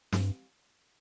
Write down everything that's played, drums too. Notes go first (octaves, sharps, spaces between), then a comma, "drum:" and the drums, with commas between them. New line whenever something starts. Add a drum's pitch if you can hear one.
G2, drum: snare